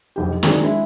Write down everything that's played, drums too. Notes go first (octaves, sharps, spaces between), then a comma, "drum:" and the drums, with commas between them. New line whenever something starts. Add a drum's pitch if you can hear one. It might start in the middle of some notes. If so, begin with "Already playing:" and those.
F1 B1 G4
D#3 F#3 C4 D4 G#4 A#4, drum: snare
G#3 E4